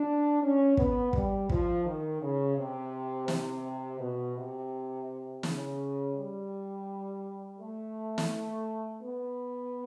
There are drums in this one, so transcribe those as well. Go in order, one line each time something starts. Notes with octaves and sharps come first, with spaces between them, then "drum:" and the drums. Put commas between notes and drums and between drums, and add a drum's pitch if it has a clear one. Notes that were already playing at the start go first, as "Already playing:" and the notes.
Already playing: D4
C#4
B3, drum: kick
G3, drum: kick
F3, drum: kick
D#3
C#3
C3
C3, drum: snare
B2
C3
C#3, drum: snare
G3
A3
drum: snare
B3